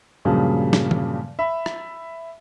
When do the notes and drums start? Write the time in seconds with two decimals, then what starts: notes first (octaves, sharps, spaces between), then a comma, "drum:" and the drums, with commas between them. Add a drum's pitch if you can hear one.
0.25 G2 A#2 C#3 F3 F#3
0.73 drum: snare
0.91 drum: tom D#3
1.39 E5 B5
1.66 drum: rim click